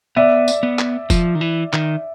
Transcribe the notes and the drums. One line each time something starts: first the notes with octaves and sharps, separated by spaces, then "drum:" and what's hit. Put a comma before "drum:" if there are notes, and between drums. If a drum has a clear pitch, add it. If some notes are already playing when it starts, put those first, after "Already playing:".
B3 D5 E5
drum: tambourine
B3
drum: clap
F3, drum: kick F1, tambourine
D#3
E3
D#3, drum: clap